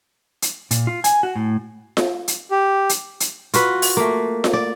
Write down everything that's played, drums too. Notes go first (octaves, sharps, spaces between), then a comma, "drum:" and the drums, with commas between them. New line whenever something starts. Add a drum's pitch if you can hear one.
drum: hi-hat
A#2, drum: hi-hat
F4
G#5, drum: hi-hat
F#4
A2
drum: snare F4
drum: hi-hat
G4
drum: hi-hat
drum: hi-hat
F4 F#4 B4, drum: hi-hat
drum: open hi-hat
A3 A#3
drum: snare F4
D5